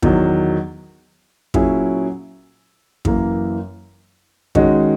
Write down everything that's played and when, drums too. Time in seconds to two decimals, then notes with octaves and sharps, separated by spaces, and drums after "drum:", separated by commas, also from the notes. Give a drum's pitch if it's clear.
0.02 E2 D#3 F#3, drum: kick
1.54 A#2 F#3 C#4 E4 G#4, drum: kick
3.05 F#2 E3 A#3, drum: kick
4.55 D#3 G#3 C#4 F#4, drum: kick